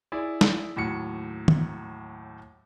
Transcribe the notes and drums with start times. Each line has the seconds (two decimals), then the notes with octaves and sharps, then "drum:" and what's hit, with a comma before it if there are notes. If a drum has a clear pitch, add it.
0.12 E4 G#4 D5
0.41 drum: snare
0.76 D#2 A2 F#3 C#7
1.48 drum: tom